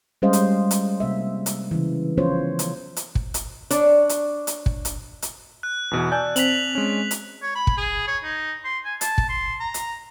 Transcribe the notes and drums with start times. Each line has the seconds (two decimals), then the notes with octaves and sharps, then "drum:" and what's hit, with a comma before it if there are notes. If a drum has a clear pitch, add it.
0.22 G3 G#3 C#4 C5 D#5 F5
0.33 drum: hi-hat
0.71 drum: hi-hat
1.00 C3 A#3 E5
1.46 drum: hi-hat
1.71 C#3 E3
2.17 F3 B3 C#4 F4 C5 C#5
2.59 drum: hi-hat
2.96 drum: hi-hat
3.15 drum: kick
3.34 drum: hi-hat
3.70 D4 C#5 D5, drum: hi-hat
4.09 drum: hi-hat
4.47 drum: hi-hat
4.66 drum: kick
4.85 drum: hi-hat
5.22 drum: hi-hat
5.63 F#6
5.91 E2 B2 E3
6.12 D5 G#5 A5 E6 G6
6.36 C4 B6 F7 F#7, drum: hi-hat
6.75 G#3 C#4
7.11 drum: hi-hat
7.42 C#5
7.55 B5
7.67 drum: kick
7.77 G#4
8.07 C#5
8.24 D#4
8.65 C6
8.85 G#5
9.01 A5, drum: hi-hat
9.18 drum: kick
9.29 C6
9.60 A#5
9.74 drum: hi-hat